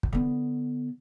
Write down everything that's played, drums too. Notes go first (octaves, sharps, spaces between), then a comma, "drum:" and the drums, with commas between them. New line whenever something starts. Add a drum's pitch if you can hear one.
drum: kick
D3 B3